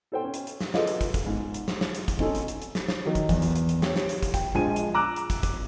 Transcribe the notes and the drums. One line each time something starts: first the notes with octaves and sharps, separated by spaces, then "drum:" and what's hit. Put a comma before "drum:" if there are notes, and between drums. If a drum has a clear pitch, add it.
A4 C5 G5
C#4
drum: hi-hat
drum: hi-hat
drum: snare
F4 G#4 A4 B4 D#5 F5, drum: snare
drum: hi-hat
drum: kick, hi-hat
drum: kick, hi-hat
G#2
drum: hi-hat
drum: snare
drum: snare
drum: hi-hat
drum: kick, hi-hat
C4 C#4 D#4 A4 G#5, drum: kick
drum: hi-hat
drum: hi-hat
drum: hi-hat
drum: snare
drum: snare
D#3 F#3
drum: kick, hi-hat
E2, drum: kick, hi-hat
drum: hi-hat
drum: hi-hat
drum: hi-hat
G4 C#5, drum: snare
drum: snare
drum: hi-hat
drum: kick, hi-hat
G5, drum: kick, hi-hat
A#1 F3 G#3 G#5 D#7
drum: hi-hat
A#5 D6 E6 F#6
drum: hi-hat
drum: kick, hi-hat
drum: kick, hi-hat